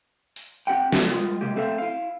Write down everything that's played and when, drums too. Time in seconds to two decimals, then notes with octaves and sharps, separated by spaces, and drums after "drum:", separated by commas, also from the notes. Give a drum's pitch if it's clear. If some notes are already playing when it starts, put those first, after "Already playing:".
0.36 drum: open hi-hat
0.67 C4 G4 F#5 G5
0.92 C3 G#3 B3 D4 F4 A4, drum: snare
1.10 G3 G#3 A#3 F4
1.41 C3 G#3 A#3 G4
1.56 A3 C4 A4 C5 E5 F5
1.78 E4 F5